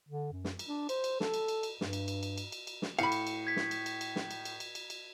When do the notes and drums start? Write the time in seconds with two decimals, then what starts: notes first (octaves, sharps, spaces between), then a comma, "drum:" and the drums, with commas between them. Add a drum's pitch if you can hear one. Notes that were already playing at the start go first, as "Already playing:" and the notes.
0.09 D3
0.32 F#2
0.44 drum: snare
0.59 drum: cymbal
0.68 D4
0.89 C5, drum: cymbal
1.04 drum: cymbal
1.20 A4, drum: snare
1.34 drum: cymbal
1.48 drum: cymbal
1.63 drum: cymbal
1.81 G2, drum: snare
1.93 drum: cymbal
2.08 drum: cymbal
2.23 drum: cymbal
2.38 drum: cymbal
2.52 drum: cymbal
2.67 drum: cymbal
2.82 drum: snare
2.99 A2 F5 B5 C#7, drum: cymbal
3.12 drum: cymbal
3.27 drum: cymbal
3.47 G#6 B6
3.56 drum: snare
3.71 drum: cymbal
3.86 drum: cymbal
4.01 drum: cymbal
4.16 drum: snare
4.31 drum: cymbal
4.45 drum: cymbal
4.60 drum: cymbal
4.75 drum: cymbal
4.90 drum: cymbal